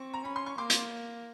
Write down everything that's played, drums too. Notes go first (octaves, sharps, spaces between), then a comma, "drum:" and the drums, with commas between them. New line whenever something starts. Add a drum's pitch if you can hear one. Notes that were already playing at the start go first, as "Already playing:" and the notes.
Already playing: C4 C#6
A#5
C#4 B5
C6
C#6
A#3 C6 D6
drum: hi-hat